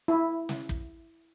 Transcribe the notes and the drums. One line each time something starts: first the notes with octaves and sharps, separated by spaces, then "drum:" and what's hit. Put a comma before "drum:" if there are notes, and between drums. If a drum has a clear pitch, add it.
E4
drum: snare
drum: kick